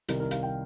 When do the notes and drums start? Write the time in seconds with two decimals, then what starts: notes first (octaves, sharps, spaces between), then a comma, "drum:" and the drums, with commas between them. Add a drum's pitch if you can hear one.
0.08 C2 C3 D#3 A#4, drum: hi-hat
0.20 A#4
0.31 F5, drum: hi-hat
0.43 G5